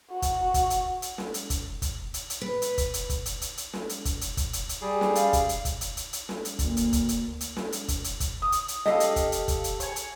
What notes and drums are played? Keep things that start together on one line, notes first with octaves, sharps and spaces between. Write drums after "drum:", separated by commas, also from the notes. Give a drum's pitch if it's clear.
F#4
drum: kick, hi-hat
drum: kick, hi-hat
drum: hi-hat
drum: hi-hat
drum: snare
drum: hi-hat
drum: kick, hi-hat
drum: kick, hi-hat
drum: hi-hat
drum: hi-hat
B4
drum: hi-hat
drum: kick, hi-hat
drum: hi-hat
drum: kick, hi-hat
drum: hi-hat
drum: hi-hat
drum: hi-hat
drum: snare
drum: hi-hat
drum: kick, hi-hat
drum: hi-hat
drum: kick, hi-hat
drum: hi-hat
drum: hi-hat
G3 G#4
drum: snare
F5, drum: hi-hat
drum: kick, hi-hat
drum: hi-hat
drum: kick, hi-hat
drum: hi-hat
drum: hi-hat
drum: hi-hat
drum: snare
drum: hi-hat
D2 A#3, drum: kick, hi-hat
drum: hi-hat
drum: kick, hi-hat
drum: hi-hat
drum: hi-hat
drum: snare
drum: hi-hat
drum: kick, hi-hat
drum: hi-hat
drum: kick, hi-hat
D#6
drum: hi-hat
drum: hi-hat
G4 A4 D#5 F5, drum: snare
drum: hi-hat
drum: kick, hi-hat
drum: hi-hat
drum: kick, hi-hat
drum: hi-hat
C#5 G#5, drum: hi-hat
drum: hi-hat